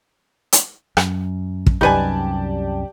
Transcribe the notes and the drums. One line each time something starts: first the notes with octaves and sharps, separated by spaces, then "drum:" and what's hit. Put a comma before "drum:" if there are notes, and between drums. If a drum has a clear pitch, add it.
drum: hi-hat
F#2, drum: rim click
drum: kick
C2 F#2 D#4 G4 B4 D5 G#5 A5